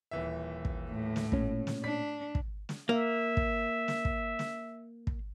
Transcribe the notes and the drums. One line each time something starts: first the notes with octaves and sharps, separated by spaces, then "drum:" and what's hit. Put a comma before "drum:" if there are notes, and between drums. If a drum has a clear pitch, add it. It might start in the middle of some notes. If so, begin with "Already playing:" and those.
D#1 E3 E5
drum: kick
A2
drum: snare
A#2 C#4, drum: kick
drum: snare
D4 B6
drum: kick
drum: snare
A#3 E5
drum: kick
drum: snare
drum: kick
drum: snare
drum: kick